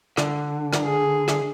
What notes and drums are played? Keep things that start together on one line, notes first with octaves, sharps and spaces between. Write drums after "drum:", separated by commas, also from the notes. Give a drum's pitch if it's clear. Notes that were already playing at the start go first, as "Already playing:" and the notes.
D3, drum: rim click
drum: rim click
G#4
drum: rim click